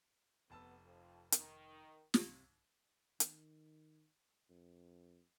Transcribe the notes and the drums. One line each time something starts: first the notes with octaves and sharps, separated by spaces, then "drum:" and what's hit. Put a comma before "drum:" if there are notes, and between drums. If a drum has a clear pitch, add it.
F1 B3 A5 E6
F2
D#3, drum: hi-hat
C3, drum: snare
D#3, drum: hi-hat
F2